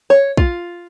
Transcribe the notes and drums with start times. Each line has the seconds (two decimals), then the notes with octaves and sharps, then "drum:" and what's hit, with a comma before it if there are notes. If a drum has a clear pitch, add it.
0.10 C#5
0.37 F4, drum: kick